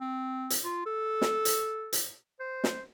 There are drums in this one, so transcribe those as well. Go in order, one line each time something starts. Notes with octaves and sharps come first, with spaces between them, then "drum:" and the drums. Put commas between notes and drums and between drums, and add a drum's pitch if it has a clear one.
C4
drum: hi-hat
F4
A4
drum: snare
drum: hi-hat
drum: hi-hat
C5
drum: snare